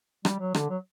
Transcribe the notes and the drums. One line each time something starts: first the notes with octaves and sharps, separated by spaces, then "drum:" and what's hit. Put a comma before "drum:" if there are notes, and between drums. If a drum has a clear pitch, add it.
G3, drum: rim click
F#3
D3, drum: rim click
F#3